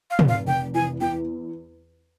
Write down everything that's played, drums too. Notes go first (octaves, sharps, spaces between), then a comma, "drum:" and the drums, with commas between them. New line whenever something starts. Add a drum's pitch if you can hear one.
F5
F1, drum: tom
F5
F1 G5
E3 G#5
E2 G5